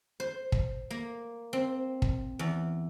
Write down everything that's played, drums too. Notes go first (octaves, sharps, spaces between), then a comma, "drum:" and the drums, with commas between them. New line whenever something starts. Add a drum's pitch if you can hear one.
C5
drum: kick
A#3
C4
drum: kick
E2